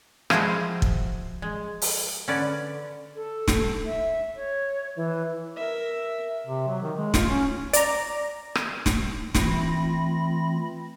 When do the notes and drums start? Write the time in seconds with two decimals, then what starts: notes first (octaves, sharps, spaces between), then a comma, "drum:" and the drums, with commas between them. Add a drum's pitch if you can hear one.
0.30 F3 G#3 E4 F#4 C5 G5, drum: rim click
0.82 drum: kick
1.42 G#3
1.82 drum: open hi-hat
2.28 D3 C#4 B4 D5
3.16 A4
3.48 drum: snare
3.86 E5
4.36 C#5
4.96 E3
5.56 A#4 E5
6.47 C3
6.68 F#3
6.82 D#3
6.97 G#3
7.14 F4, drum: snare
7.29 C#4
7.73 D5 A#5, drum: hi-hat
8.55 drum: rim click
8.86 drum: snare
9.35 E3 A3 C4 F4 B5 A#6, drum: snare